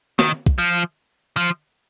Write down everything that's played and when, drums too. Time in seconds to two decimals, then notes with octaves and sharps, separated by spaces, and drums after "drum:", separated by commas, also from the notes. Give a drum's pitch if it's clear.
0.19 D#3, drum: snare
0.46 drum: kick
0.58 F3
1.37 F3